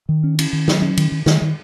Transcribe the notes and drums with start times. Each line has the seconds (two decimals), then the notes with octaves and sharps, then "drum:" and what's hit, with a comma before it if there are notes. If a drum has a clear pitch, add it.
0.09 D#3
0.24 C#4
0.39 C#4, drum: cymbal
0.53 D#3
0.68 F#3, drum: snare
0.82 C#4
0.97 D#3, drum: cymbal
1.12 D#3
1.26 D#3, drum: snare
1.42 D#3